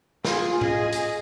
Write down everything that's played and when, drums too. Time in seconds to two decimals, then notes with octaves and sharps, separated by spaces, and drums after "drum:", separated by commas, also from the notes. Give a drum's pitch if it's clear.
0.25 F4 G#4, drum: snare
0.61 G#4 D#5, drum: tom A2
0.92 drum: hi-hat